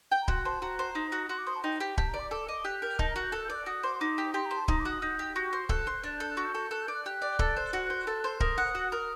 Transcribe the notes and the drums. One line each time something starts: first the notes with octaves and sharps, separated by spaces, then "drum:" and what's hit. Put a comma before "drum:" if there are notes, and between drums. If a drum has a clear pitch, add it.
G5
A#5
F#4 C6, drum: kick D1
C5 A5
F#4 A#5
C5
D#4
F#4
F#4 C6
D6
C5 D#6
A5
D#4 G5
G4 G5
G4 A5, drum: kick D1
D5 A#5
D6
A4 D6
D#5 D6
G4 F#6
A#4 G6
D#4 A5, drum: kick D1
A#5
F#4
G6
A4 F#6
G6
D5
F#6
F#4 D#6
C5 D6
C6
D#4 D6
G4
G4 C6
A#5
C5
A5
D#4 A#5, drum: kick D1
D6
F#4
D#6
D#4 G6
G4
F#4
C5
A4 F#6, drum: kick D1
C5
D4
A4 G6
F#6
F#4
G6
A4
A4 F#6
G6
D5
F#6
G4 F#6
D5
A4, drum: kick D1
C5
F#4
C5
A4
C5
A#4 D#6, drum: kick D1
F#5
F#4
A#4